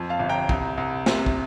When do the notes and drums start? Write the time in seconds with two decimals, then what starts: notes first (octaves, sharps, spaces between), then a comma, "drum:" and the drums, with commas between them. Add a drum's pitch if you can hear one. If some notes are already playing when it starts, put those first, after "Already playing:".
Already playing: F2
0.09 F5 A5
0.19 G1
0.29 G5 A#5
0.49 C2, drum: kick
0.77 C2
1.06 C3, drum: snare
1.26 drum: kick